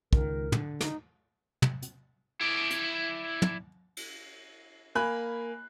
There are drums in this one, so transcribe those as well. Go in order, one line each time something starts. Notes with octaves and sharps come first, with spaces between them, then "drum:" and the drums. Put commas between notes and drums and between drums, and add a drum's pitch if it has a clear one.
C#2 D#3 A#4, drum: kick
D3, drum: tom
D#4, drum: snare
drum: tom
drum: hi-hat
E4 D5
drum: hi-hat
drum: tom
drum: cymbal
A#3 G#5 B5 F#6